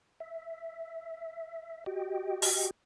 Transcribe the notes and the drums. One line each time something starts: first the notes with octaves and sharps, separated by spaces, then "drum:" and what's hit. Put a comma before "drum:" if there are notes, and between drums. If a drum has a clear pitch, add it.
E5
F#4 G4 D#5 G5
drum: open hi-hat